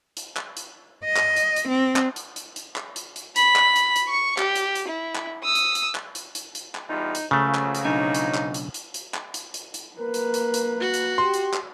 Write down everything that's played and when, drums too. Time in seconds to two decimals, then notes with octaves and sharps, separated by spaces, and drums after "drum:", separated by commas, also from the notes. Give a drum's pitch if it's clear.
0.17 drum: hi-hat
0.37 drum: clap
0.57 drum: hi-hat
1.05 D#5
1.16 drum: clap
1.36 drum: hi-hat
1.56 drum: hi-hat
1.68 C4
1.96 drum: clap
2.16 drum: hi-hat
2.36 drum: hi-hat
2.56 drum: hi-hat
2.76 drum: clap
2.96 drum: hi-hat
3.16 drum: hi-hat
3.36 B5, drum: hi-hat
3.56 drum: clap
3.76 drum: hi-hat
3.96 drum: hi-hat
4.08 C#6 C#7
4.38 G4, drum: clap
4.56 drum: hi-hat
4.75 drum: hi-hat
4.88 E4
5.15 drum: clap
5.44 D#6 E6
5.55 drum: hi-hat
5.75 drum: hi-hat
5.95 drum: clap
6.15 drum: hi-hat
6.35 drum: hi-hat
6.55 drum: hi-hat
6.75 drum: clap
6.89 E2 G3 D#4 F4
7.15 drum: hi-hat
7.31 C#2 C#3 F3 F#3 A3 C#4
7.55 drum: clap
7.75 drum: hi-hat
7.85 B1 D4 D#4 G#5
8.14 drum: hi-hat
8.34 drum: clap
8.54 drum: hi-hat
8.74 drum: hi-hat
8.94 drum: hi-hat
9.14 drum: clap
9.34 drum: hi-hat
9.54 drum: hi-hat
9.74 drum: hi-hat
9.99 A#3 A#4 B4
10.14 drum: hi-hat
10.34 drum: hi-hat
10.54 drum: hi-hat
10.81 F#4
10.94 drum: hi-hat
11.18 G4 C6
11.34 drum: hi-hat
11.54 drum: clap